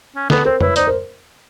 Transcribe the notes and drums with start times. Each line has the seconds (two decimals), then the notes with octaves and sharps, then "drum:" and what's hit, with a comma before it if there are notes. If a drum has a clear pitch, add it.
0.16 C#4
0.30 B3 A4 B4, drum: snare D3
0.45 C4 A#4 C5
0.61 E4 B4 C#5, drum: tom F2
0.76 D#4 C5 D5, drum: hi-hat
0.87 A#4 C5